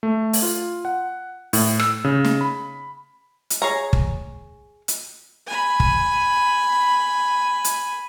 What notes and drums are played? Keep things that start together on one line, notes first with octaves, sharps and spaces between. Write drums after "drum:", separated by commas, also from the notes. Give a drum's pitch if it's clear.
A3
drum: open hi-hat
F4
F#5
A2, drum: open hi-hat
E6, drum: rim click
C#3
drum: snare
B5
drum: hi-hat
G#4 C#5 A#5
drum: kick
drum: hi-hat
G#5 B5
drum: kick
drum: hi-hat